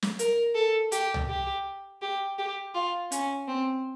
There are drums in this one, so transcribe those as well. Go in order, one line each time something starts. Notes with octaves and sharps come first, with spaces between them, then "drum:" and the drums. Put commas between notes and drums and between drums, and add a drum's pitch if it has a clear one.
drum: snare
A#4, drum: hi-hat
A4
G4, drum: hi-hat
drum: tom
G4
G4
G4
F4
C#4, drum: hi-hat
C4